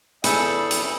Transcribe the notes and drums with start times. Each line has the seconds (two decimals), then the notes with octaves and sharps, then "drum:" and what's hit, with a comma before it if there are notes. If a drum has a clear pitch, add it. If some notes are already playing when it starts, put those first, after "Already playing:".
0.24 E2 G#4 A4 B5 E6 G6 C#7, drum: hi-hat
0.71 drum: hi-hat